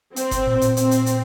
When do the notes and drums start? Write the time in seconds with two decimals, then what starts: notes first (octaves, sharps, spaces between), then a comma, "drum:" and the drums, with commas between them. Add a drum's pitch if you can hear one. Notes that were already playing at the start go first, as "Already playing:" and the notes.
0.16 C4, drum: hi-hat
0.31 drum: kick F#1, hi-hat
0.46 A#2
0.61 A#2, drum: hi-hat
0.77 C4, drum: hi-hat
0.91 drum: hi-hat
1.06 drum: hi-hat